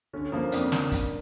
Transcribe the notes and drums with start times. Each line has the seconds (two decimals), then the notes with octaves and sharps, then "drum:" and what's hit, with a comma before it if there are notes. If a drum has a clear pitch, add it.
0.13 D3 C#4
0.32 F3 A#3
0.52 F2 D4, drum: hi-hat
0.72 drum: snare
0.92 drum: kick, hi-hat